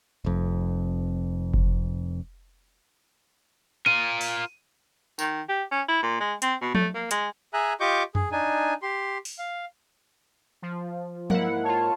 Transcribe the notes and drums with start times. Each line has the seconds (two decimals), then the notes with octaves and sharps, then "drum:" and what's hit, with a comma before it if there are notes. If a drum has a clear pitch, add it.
0.24 F1 F2
1.54 drum: kick F#1
3.86 F4 A#4 D#7
4.21 drum: open hi-hat
5.19 D#3, drum: tambourine
5.49 G4
5.71 C#4
5.88 E4
6.02 A#2
6.20 G#3
6.42 C4, drum: hi-hat
6.61 B2
6.75 A3, drum: tom F3
6.95 A#3
7.11 G#3, drum: hi-hat
7.54 G#4 E5 G#5 A#5 F#6
7.80 F4 G4 D#5 C#6 D6 G6
8.15 G#4, drum: tom F2
8.32 D4 D#4 G#5
8.82 G4 C6
9.25 drum: open hi-hat
9.39 F5
10.62 F3
11.30 G#2 A#3 E4 F#5, drum: tom F3
11.64 F4 C#5 A5